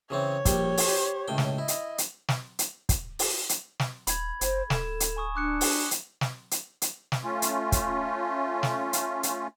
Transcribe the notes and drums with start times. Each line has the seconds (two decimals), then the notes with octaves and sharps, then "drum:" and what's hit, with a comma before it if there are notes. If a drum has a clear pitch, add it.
0.10 C#3 E3 C4 C#5
0.45 A#1 G3 G5, drum: kick, hi-hat
0.77 drum: open hi-hat
0.87 G4 C5
1.28 C#2 A2 G5
1.38 drum: snare
1.58 E4 D#5
1.68 drum: hi-hat
1.98 drum: hi-hat
2.29 drum: snare
2.59 drum: hi-hat
2.89 drum: kick, hi-hat
3.19 drum: open hi-hat
3.49 drum: hi-hat
3.80 drum: snare
4.07 D#1 B5 G#6, drum: hi-hat
4.41 F#1 C5, drum: hi-hat
4.70 D1 A4 E7, drum: snare
5.00 drum: hi-hat
5.17 G#5 C#6 D#6
5.36 D4 D6 F#6 C#7
5.61 drum: open hi-hat
5.91 drum: hi-hat
6.21 drum: snare
6.51 drum: hi-hat
6.82 drum: hi-hat
7.12 drum: snare
7.24 A3 C#4 F4
7.42 drum: hi-hat
7.72 drum: kick, hi-hat
8.63 drum: snare
8.93 drum: hi-hat
9.23 drum: hi-hat